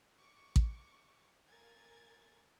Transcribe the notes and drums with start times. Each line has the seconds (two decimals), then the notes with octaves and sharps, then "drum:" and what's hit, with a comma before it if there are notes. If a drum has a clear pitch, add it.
0.18 C#6 D6
0.56 drum: kick A1
1.49 A#3 A4 A#4 G#5 G#6 A6